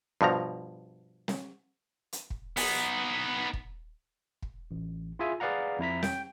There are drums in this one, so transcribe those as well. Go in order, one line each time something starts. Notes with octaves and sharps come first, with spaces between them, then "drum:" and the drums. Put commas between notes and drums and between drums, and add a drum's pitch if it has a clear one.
G2 B2 F3 A#5
drum: snare
drum: hi-hat
drum: kick
B3 D#4, drum: open hi-hat
drum: kick
drum: kick
A1
E4 F4 G#4 E5 G#5
G#4 B4 D5 F5 F#5 A#5
F2 E4 A#5 B6
G5, drum: snare